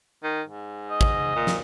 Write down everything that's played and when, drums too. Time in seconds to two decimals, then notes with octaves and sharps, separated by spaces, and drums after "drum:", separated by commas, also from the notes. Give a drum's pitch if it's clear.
0.23 D#3
0.48 G#2
0.91 D#5
1.01 drum: kick
1.36 A#2
1.47 drum: snare